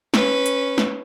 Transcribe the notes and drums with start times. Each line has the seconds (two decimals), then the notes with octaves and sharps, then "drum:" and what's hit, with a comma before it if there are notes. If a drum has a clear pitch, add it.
0.14 C#4 B4, drum: snare
0.46 drum: hi-hat
0.78 drum: snare